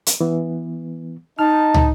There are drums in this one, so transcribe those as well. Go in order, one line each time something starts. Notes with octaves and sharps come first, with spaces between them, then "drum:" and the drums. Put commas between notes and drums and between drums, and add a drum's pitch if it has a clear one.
drum: hi-hat
E3 B3
D#4 A5 F6
drum: tom